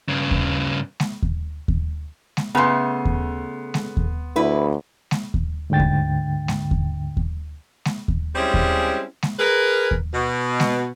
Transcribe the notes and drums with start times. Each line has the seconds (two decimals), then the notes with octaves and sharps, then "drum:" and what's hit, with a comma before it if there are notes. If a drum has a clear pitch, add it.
0.09 G2 C#3
0.31 drum: kick D#2
1.00 drum: snare G#3
1.23 drum: kick D#2
1.68 drum: kick D#2
2.37 drum: snare G#3
2.55 C#3 A3 B3 C6
3.05 drum: kick D#2
3.74 drum: snare G#3
3.97 drum: kick D#2
4.36 D2 E4 B4
5.11 drum: snare G#3
5.34 drum: kick D#2
5.70 D2 G#2 D3 G5 A6
5.80 drum: kick D#2
6.48 drum: snare G#3
6.71 drum: kick D#2
7.17 drum: kick D#2
7.85 drum: snare G#3
8.08 drum: kick D#2
8.35 G3 G#3 C4 C#4 E4 G#4
8.54 drum: kick D#2
9.23 drum: snare G#3
9.39 G#4 A#4 B4
9.91 drum: kick D#2
10.14 B2
10.60 drum: snare G#3